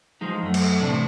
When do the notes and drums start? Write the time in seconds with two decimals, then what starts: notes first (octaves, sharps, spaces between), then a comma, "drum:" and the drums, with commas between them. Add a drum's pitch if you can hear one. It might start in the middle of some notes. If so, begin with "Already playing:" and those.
0.21 F3 G#3 D#4
0.42 F#2 A3
0.54 drum: cymbal
0.80 E2 A2 C3 D4